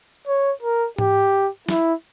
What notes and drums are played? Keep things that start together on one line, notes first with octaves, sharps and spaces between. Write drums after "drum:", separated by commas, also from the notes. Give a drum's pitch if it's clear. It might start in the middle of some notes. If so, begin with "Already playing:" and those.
C#5
A#4
G4, drum: tom G#2
E4, drum: snare